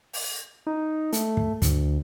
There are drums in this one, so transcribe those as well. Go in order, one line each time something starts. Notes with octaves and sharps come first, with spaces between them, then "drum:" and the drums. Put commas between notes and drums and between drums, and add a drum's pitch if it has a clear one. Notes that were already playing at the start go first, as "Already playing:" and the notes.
drum: open hi-hat
D#4
A3, drum: hi-hat
drum: kick
D2, drum: kick, hi-hat